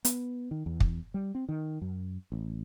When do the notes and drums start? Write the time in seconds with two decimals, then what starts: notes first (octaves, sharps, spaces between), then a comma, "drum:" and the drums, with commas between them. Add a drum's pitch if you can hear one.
0.05 B3, drum: hi-hat
0.51 D#3
0.66 E2
0.80 drum: kick
1.14 G3
1.35 C4
1.49 D#3
1.82 F#2
2.32 A1